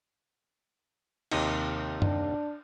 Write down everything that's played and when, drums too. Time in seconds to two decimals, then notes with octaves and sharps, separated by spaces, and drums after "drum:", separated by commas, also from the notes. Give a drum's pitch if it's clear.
1.31 D#2 C3 D#4, drum: cymbal
2.02 D4, drum: tom F#2